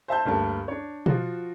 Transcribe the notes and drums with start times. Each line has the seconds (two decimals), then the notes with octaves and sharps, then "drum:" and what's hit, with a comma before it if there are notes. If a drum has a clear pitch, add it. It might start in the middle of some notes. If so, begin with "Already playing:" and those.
0.08 C5 E5 A5 G6
0.25 D2 G2 A#3 A5
0.68 D4 C#5
1.06 F3 F4 F#4, drum: tom B2